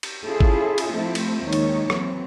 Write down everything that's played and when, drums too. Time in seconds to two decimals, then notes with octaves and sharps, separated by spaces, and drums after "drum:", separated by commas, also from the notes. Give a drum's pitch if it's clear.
0.03 drum: cymbal
0.25 C#4 E4 F4 G#4 A4
0.41 drum: kick G#1
0.78 drum: cymbal
0.92 F3 A3 C4 E4
1.15 drum: cymbal
1.42 D#2 D#3 G#3 D#4 C#5
1.53 drum: cymbal
1.90 E3 F#3 C4, drum: rim click